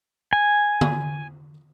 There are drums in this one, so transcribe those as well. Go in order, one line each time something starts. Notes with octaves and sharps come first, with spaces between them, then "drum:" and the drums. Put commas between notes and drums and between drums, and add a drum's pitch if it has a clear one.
G#5
drum: tom D3